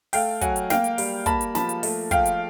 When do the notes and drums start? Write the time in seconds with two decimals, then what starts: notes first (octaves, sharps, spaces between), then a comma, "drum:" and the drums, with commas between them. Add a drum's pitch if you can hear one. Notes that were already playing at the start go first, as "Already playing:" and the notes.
0.13 A3 F5 G5, drum: open hi-hat
0.41 F#3 F#5 G#5, drum: kick, hi-hat
0.56 drum: hi-hat
0.70 A#3 F5 G5, drum: snare
0.84 drum: hi-hat
0.98 G3, drum: open hi-hat
1.26 A#3 A5 B5, drum: kick, hi-hat
1.41 drum: hi-hat
1.55 F3 A5 B5, drum: snare
1.69 drum: hi-hat
1.83 A3, drum: open hi-hat
2.11 F3 F5 G5, drum: kick, hi-hat
2.26 drum: hi-hat